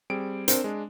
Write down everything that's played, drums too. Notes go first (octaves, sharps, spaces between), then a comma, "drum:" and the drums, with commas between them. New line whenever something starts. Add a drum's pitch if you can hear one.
G3 C4 G#4 D7
C4 D4 A#4 C5, drum: hi-hat
G#3 D4